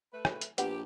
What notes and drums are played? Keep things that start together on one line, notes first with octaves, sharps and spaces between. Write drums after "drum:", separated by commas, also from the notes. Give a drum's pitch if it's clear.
A3 B4
drum: rim click
drum: hi-hat
A#1 B3 G4, drum: hi-hat